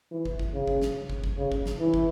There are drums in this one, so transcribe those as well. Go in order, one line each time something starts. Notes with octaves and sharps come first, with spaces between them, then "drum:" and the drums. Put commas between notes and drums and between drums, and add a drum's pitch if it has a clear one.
E3
drum: kick
drum: kick
C#3
drum: kick
drum: snare
drum: kick
drum: kick
C#3
drum: kick
drum: snare
E3
drum: kick